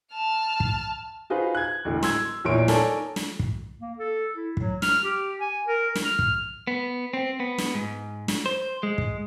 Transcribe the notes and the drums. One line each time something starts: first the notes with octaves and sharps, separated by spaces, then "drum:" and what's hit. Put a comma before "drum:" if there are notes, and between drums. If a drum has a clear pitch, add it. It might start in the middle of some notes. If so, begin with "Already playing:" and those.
A5 F6
drum: kick
D#4 F4 F#4 G#4 B4 C5
F#6 G#6
E1 A1 D2
C6 E6 G#6, drum: snare
A#1 E2 A#2 C#5 C6 D7
D#4 A4 A#4 C#5 D5 G#5, drum: snare
drum: snare
drum: kick
A#3
A4
E4
F#3, drum: kick
F6, drum: snare
G4
G#5
A#4
drum: snare
F6
drum: kick
B3
C4
B3
drum: snare
G#2
drum: snare
C5
G#3
drum: kick